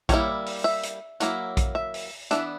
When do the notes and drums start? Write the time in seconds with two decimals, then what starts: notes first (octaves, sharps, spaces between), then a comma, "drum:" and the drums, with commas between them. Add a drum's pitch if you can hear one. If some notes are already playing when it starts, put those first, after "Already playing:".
0.09 G3 A#3 E4 C#5, drum: kick A#1, hi-hat
0.46 drum: open hi-hat
0.64 E5
0.83 drum: hi-hat
1.20 F#3 A#3 E4, drum: hi-hat
1.57 drum: kick A#1, hi-hat
1.75 E5
1.94 drum: open hi-hat
2.31 E3 B3 D4 E5, drum: hi-hat